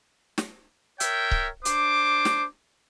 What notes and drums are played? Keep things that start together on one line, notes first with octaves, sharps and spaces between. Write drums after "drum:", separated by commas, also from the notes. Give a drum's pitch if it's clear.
drum: snare
A#4 C#5 E5 G5, drum: hi-hat
drum: kick C#1
D4 C5 D6, drum: hi-hat
drum: snare